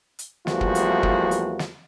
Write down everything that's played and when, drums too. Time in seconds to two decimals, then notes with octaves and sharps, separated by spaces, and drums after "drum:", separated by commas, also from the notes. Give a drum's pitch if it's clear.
0.19 drum: hi-hat
0.47 E2 F3 G3 A3 A#3 F#4, drum: snare
0.61 drum: kick
0.75 drum: hi-hat
1.03 drum: kick
1.31 drum: hi-hat
1.59 drum: snare